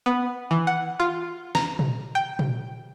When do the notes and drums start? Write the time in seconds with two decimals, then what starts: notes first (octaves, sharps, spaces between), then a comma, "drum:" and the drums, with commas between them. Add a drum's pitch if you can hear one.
0.06 B3
0.51 E3
0.67 F#5
1.00 F4
1.55 A#5, drum: snare
1.79 drum: tom A#2
2.15 G5
2.39 drum: tom A#2